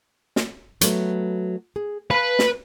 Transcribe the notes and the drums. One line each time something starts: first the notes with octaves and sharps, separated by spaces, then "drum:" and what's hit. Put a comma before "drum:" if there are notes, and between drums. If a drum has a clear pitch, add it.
drum: snare
F#3 A3 B3, drum: hi-hat
G#4
B4 F5 A5
drum: snare